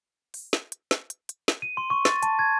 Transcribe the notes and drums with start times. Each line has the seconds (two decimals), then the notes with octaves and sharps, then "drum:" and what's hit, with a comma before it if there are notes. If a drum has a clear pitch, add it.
0.34 drum: open hi-hat
0.53 drum: snare
0.72 drum: hi-hat
0.91 drum: snare
1.10 drum: hi-hat
1.29 drum: hi-hat
1.48 drum: snare
1.62 D#7
1.77 C6
1.90 C#6
2.05 A6, drum: snare
2.23 A5, drum: hi-hat
2.39 G#6